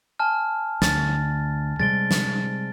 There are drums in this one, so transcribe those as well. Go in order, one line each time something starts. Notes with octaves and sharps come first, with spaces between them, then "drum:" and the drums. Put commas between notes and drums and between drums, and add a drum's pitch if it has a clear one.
G#5 A5 F6
D2 A6, drum: snare
C3 G3 G#3 A6 D7 G7
drum: snare